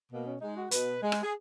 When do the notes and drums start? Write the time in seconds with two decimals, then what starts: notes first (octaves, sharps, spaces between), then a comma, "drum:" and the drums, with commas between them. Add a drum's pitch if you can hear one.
0.11 B2 A#3
0.26 C#4
0.41 G#3 D#4
0.56 F#4
0.71 B2 B4, drum: hi-hat
1.02 G#3
1.12 drum: rim click
1.23 G#4